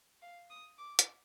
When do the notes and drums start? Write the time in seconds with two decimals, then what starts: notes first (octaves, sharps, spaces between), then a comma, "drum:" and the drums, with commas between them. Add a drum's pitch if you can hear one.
0.22 F5
0.50 D#6
0.78 D6
0.99 drum: hi-hat